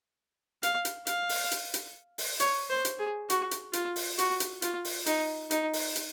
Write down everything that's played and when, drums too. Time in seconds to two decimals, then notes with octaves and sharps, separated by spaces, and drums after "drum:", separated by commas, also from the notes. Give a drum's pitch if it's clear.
0.63 F5, drum: hi-hat
0.85 drum: hi-hat
1.07 F5, drum: hi-hat
1.29 drum: open hi-hat
1.51 drum: hi-hat
1.74 drum: hi-hat
2.18 drum: open hi-hat
2.40 C#5, drum: hi-hat
2.70 C5
2.85 drum: hi-hat
2.99 G#4
3.30 F#4, drum: hi-hat
3.51 drum: hi-hat
3.73 F4, drum: hi-hat
3.96 drum: open hi-hat
4.19 F#4, drum: hi-hat
4.40 drum: hi-hat
4.62 F4, drum: hi-hat
4.85 drum: open hi-hat
5.06 D#4, drum: hi-hat
5.51 D#4, drum: hi-hat
5.73 drum: open hi-hat
5.96 drum: hi-hat